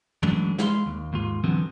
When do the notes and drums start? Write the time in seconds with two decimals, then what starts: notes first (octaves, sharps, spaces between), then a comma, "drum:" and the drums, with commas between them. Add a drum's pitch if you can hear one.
0.23 E3 F#3 G#3 A3 C#4 D4, drum: tom
0.58 G#3 E4 F5 C6, drum: snare
0.86 D#2
1.13 D#2 G#2 F4
1.44 D3 E3 F#3 B3 C4